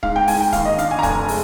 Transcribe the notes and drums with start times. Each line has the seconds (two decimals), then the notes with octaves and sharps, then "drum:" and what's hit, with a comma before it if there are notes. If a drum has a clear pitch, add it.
0.03 G#2 F5, drum: kick C#1
0.16 G5
0.28 G#2 G#5, drum: open hi-hat
0.40 G5
0.53 D#2 F5, drum: kick C#1, hi-hat
0.65 D#5
0.78 D4 F5, drum: hi-hat
0.91 G#5
0.99 A#5
1.03 F1 G#5, drum: kick C#1, hi-hat
1.28 G#3, drum: open hi-hat